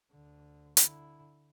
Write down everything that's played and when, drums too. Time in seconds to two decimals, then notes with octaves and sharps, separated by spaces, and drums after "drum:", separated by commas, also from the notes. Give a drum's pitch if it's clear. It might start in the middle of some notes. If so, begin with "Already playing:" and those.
0.11 D2 D3
0.77 D3 E4, drum: hi-hat